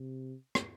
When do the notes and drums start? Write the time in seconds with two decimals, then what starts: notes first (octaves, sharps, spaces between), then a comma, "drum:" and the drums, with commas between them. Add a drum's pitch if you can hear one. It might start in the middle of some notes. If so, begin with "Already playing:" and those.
Already playing: C3
0.55 drum: rim click